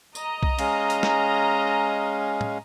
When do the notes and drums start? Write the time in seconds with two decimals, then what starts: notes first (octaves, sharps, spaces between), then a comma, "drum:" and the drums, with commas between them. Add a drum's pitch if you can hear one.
0.15 D#5 A#5, drum: tambourine
0.43 drum: kick B1
0.59 G#3 C#4 F5, drum: cymbal
0.90 drum: hi-hat
1.03 drum: snare
2.41 drum: tom